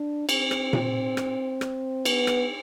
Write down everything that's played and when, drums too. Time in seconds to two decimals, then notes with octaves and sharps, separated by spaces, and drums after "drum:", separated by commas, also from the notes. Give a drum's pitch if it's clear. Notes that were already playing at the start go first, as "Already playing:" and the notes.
Already playing: D4
0.29 C4, drum: cymbal
0.51 drum: rim click
0.73 drum: tom A#2
1.17 drum: rim click
1.61 drum: rim click
2.05 B3, drum: cymbal
2.27 drum: rim click